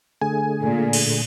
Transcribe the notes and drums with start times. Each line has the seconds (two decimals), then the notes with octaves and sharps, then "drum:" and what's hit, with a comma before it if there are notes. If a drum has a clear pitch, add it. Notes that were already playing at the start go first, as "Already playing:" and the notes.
0.21 D3 A3 G#4 G#5
0.62 A#2
0.93 drum: cymbal